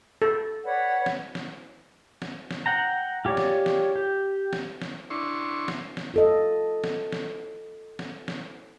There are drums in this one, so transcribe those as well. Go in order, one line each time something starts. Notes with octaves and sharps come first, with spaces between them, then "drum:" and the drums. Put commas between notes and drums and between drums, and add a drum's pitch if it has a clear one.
A4
B4 C#5 D5 F#5
drum: snare
drum: snare
drum: snare
drum: snare
F#5 G5 A#5
F4 G4 G#4 C#5 D5
drum: snare
drum: snare
G4
drum: snare
drum: snare
D4 E4 C6 C#6
drum: snare
drum: snare
F4 A4 D#5
drum: snare
drum: snare
drum: snare
drum: snare